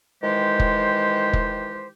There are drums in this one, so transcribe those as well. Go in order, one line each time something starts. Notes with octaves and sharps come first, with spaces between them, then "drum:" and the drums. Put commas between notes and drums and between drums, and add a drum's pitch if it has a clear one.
D#3 E3 G#3 G4 C5
drum: kick
drum: kick